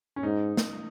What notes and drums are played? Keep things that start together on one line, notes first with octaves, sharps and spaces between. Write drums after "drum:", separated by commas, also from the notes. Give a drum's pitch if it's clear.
C#4
G#2 D#4
drum: snare